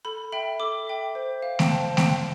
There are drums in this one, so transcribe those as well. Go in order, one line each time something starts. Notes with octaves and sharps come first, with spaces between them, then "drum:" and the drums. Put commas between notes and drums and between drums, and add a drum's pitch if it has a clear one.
A4 B5
E5 G5 B5
A4 D6
E5 G5
C5
F5
G5, drum: snare A3
C5 A5
G5, drum: snare A3